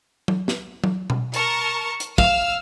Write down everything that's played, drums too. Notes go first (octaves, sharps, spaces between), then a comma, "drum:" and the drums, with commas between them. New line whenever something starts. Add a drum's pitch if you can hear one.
drum: tom F#3
drum: snare
drum: tom F#3
drum: tom B2
A#4 A5 C#6, drum: hi-hat
drum: hi-hat
F5 E6 F6, drum: kick